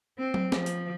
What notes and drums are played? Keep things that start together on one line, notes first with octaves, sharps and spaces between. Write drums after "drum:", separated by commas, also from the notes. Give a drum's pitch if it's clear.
C4
drum: tom F#3
F3, drum: snare
drum: hi-hat